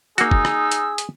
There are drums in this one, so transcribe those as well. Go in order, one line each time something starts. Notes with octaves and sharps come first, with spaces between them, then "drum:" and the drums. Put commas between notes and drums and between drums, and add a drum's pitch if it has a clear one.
A#3 D#4 F#4 G#4 E6, drum: hi-hat
drum: kick
drum: rim click
drum: hi-hat
drum: hi-hat